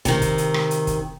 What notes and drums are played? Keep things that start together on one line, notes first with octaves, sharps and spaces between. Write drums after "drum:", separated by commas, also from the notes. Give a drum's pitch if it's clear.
C3 D#3, drum: kick, hi-hat
drum: kick, hi-hat
drum: hi-hat
drum: rim click
drum: hi-hat
drum: kick, hi-hat